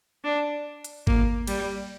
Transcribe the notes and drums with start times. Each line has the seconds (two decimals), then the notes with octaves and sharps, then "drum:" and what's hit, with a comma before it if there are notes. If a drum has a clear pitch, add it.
0.24 D4
0.84 drum: hi-hat
1.07 A#3, drum: kick G#1
1.47 G3, drum: cymbal